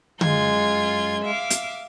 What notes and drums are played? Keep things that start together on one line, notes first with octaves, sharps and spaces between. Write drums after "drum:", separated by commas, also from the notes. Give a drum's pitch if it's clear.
F#2 G#3 F4 G#6, drum: tom D3
E5 F5 D6
drum: hi-hat